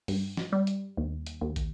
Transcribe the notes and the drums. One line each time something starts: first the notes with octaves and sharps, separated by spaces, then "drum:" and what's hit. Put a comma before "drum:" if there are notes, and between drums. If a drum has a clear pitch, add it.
G2, drum: open hi-hat
drum: snare
G3
drum: hi-hat
D#2
drum: hi-hat
D#2
drum: kick, hi-hat